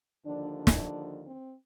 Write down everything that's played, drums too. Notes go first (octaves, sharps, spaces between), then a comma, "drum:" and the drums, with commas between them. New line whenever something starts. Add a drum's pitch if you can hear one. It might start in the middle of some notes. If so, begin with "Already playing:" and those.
D#2 D3 F3 D4
D4
drum: snare
C4